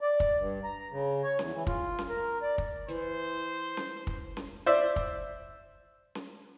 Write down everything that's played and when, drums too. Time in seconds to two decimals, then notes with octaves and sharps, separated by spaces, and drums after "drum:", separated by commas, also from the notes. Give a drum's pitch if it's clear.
0.01 D5
0.20 drum: kick
0.39 G2
0.64 A#5
0.92 C#3
1.23 C#5
1.39 E2, drum: snare C#4
1.54 E3
1.67 F4, drum: kick
1.99 drum: snare C#4
2.09 A#4
2.42 D5
2.58 drum: kick
2.88 E3 C5
3.77 drum: snare C#4
4.07 drum: kick
4.37 drum: snare C#4
4.66 C5 D5 E5
4.96 drum: kick
6.15 drum: snare C#4